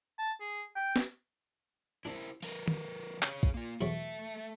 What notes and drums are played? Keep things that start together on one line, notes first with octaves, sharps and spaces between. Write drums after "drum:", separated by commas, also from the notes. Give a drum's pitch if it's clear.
A5
G#4
G5
drum: snare
D4 E4 A#4 C5
F3 A#4 B4, drum: open hi-hat
drum: tom D#3
G#4 C#5, drum: clap
drum: kick
A#3 F4
B1 E2 A3 C#5 E5